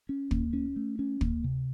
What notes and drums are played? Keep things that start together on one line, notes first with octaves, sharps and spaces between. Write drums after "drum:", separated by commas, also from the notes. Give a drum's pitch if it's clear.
C#4
A#3, drum: kick
C#4
A3
C#4
A#3, drum: kick
C3